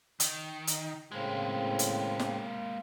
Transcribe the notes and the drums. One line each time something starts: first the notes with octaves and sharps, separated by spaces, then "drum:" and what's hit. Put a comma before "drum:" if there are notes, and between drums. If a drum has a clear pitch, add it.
D#3, drum: hi-hat
D#4, drum: hi-hat
A2 C#3 G#3 A#3 C4
drum: hi-hat
drum: snare